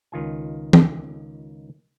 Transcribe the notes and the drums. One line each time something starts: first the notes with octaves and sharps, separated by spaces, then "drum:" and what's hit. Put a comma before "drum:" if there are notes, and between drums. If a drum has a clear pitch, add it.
C#2 D#3 F4 G#5
drum: tom